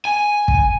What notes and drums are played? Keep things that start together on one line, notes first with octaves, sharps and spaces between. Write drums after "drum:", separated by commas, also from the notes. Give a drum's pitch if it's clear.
G#5
drum: kick